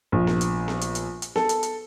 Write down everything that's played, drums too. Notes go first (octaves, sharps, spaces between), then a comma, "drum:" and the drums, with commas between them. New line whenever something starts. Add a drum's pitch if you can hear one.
A#1
drum: snare B3
drum: hi-hat
drum: snare B3
drum: hi-hat
drum: hi-hat
drum: hi-hat
A4, drum: snare B3
drum: hi-hat
drum: hi-hat